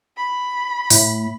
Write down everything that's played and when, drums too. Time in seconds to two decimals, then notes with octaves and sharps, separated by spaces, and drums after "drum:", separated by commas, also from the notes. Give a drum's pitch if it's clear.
0.17 B5
0.90 A2, drum: open hi-hat